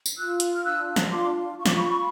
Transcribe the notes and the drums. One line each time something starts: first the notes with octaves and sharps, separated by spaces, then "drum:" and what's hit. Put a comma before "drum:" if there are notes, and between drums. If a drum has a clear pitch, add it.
drum: tambourine
F4 E6 F#6
drum: hi-hat
F6
D4 E6 F#6
drum: snare
F4 C6 D6
F4 C#6
D6, drum: snare
B5 C#6